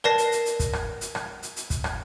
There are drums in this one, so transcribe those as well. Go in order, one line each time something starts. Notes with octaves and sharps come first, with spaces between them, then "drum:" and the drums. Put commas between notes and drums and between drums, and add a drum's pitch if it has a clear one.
A#4 B4 D5 A5 A#6 C7, drum: rim click
drum: hi-hat
drum: hi-hat
drum: hi-hat
drum: kick, hi-hat
drum: rim click
drum: hi-hat
drum: rim click
drum: hi-hat
drum: hi-hat
drum: kick, hi-hat
drum: rim click